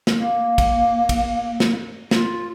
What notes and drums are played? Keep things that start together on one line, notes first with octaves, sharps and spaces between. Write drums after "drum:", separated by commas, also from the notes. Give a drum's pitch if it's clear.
drum: snare
A#3
drum: kick, cymbal
drum: kick, cymbal
drum: snare
F4, drum: snare